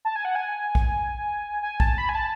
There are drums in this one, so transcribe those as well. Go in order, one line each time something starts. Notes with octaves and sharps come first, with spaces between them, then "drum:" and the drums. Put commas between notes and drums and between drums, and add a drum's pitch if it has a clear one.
A5
G#5
F#5
G#5
drum: kick A#1
G#5
A5, drum: kick A#1
B5
G#5
A5